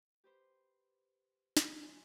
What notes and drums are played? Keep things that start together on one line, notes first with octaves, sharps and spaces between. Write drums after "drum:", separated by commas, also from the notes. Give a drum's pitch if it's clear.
G4 B4 C5
drum: snare
F#2 G#5 C6